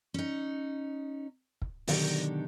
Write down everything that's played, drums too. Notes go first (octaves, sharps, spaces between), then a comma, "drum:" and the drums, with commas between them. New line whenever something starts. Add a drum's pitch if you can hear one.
C#4 D#4
drum: kick
B2 D3 D#3 F#3 D4 G4, drum: open hi-hat